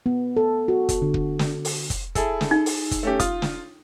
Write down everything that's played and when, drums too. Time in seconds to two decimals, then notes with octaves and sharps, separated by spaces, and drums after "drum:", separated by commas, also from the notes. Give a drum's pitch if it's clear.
0.06 B3
0.37 A4
0.68 F#4
0.89 drum: kick, hi-hat
1.02 D3
1.14 drum: kick
1.39 drum: snare
1.65 drum: open hi-hat
1.90 drum: kick, hi-hat
2.15 E4 G#4 A4, drum: kick, hi-hat
2.41 drum: snare
2.51 D#4
2.66 drum: open hi-hat
2.91 drum: kick, hi-hat
3.03 A3 C#4 G4
3.20 F4 D#6, drum: kick, hi-hat
3.42 drum: snare